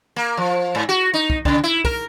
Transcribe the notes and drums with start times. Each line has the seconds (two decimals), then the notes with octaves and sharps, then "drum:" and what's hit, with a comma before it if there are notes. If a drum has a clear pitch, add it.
0.16 A#3
0.37 F3
0.75 G#2
0.89 F#4
1.14 D#4
1.30 drum: kick
1.45 C#3, drum: kick
1.64 E4
1.85 A#4, drum: kick